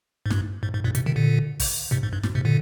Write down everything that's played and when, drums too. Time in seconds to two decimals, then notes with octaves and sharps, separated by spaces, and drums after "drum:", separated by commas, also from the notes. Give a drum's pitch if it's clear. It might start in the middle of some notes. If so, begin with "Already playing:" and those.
0.26 G#2
0.31 G2, drum: snare
0.63 G#2
0.74 G#2
0.84 G2 A#2
0.95 G#2 C3, drum: hi-hat
1.06 C3 D#3
1.16 A#2 D3
1.60 drum: kick, open hi-hat
1.91 G#2 C3
2.03 G#2
2.13 G2
2.23 G#2, drum: snare
2.35 G#2 C3
2.45 A#2 D3